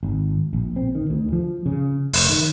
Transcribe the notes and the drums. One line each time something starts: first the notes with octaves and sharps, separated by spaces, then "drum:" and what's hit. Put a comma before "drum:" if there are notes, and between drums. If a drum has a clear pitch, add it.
G#1
A#1
C4
D#3
D2
F3
C#3
F1, drum: open hi-hat
D#3